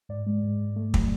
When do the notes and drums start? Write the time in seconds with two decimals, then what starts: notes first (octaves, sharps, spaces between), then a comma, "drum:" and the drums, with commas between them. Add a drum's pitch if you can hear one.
0.09 G#2 D5
0.26 G#3
0.43 G#2
0.59 G#2
0.76 A3
0.94 F#3, drum: kick